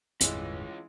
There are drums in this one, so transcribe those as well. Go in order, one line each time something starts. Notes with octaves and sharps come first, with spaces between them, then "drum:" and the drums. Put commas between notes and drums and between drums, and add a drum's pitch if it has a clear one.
G1 E2 A2 E3 G#3 C#4 F4, drum: hi-hat